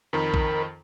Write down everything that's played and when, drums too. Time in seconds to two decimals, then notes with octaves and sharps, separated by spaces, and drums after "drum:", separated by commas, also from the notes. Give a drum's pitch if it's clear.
0.13 F2 D#3 A#4 B5
0.34 drum: kick A#1